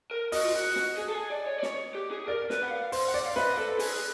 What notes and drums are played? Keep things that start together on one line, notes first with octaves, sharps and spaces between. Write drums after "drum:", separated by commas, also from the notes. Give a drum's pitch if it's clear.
A#4
F#4 D#5, drum: open hi-hat
F4
F#4
drum: snare
G#4
A4
G#4
D5
C#5
D5
C#5, drum: snare
G4
G#4
A#4 D5
B4, drum: snare
F#5
F5
C5, drum: open hi-hat
F#5
D5
F5
B4 E5, drum: snare
D#5
A4
G#4, drum: open hi-hat